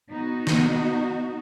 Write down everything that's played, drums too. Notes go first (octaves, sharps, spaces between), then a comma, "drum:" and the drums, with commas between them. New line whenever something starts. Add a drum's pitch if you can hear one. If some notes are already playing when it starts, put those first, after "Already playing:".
B3 D#4 F#4
drum: snare